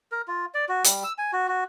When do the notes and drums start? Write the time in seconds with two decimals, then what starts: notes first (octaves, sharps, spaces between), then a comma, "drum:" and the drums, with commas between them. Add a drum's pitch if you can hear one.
0.12 A#4
0.28 F4
0.54 D5
0.69 F#4
0.84 G3, drum: hi-hat
1.04 E6
1.18 G#5
1.33 F#4
1.48 F#4